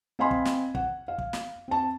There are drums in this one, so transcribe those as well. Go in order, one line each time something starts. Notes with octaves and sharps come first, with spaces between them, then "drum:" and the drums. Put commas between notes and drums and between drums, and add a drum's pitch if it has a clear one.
C4 D#5 F5 G#5 B5 C6
drum: kick
drum: snare
F#5, drum: kick
F5
drum: kick
drum: snare
C4 A5